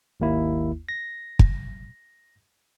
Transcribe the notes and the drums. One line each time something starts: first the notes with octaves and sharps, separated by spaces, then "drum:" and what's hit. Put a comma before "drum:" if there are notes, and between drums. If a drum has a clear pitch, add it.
G#1 D#2 A#3 E4
A#6
drum: kick